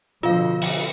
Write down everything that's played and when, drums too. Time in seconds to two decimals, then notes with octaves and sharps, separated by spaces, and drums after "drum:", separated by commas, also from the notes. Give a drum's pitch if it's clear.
0.23 B2 D3 F3 F4 F5
0.62 drum: open hi-hat